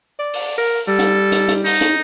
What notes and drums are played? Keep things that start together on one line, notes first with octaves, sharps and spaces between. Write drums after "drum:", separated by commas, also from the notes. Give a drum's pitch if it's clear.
D5
drum: open hi-hat
A#4
G3 A4
drum: hi-hat
drum: hi-hat
drum: hi-hat
D#4, drum: open hi-hat
drum: hi-hat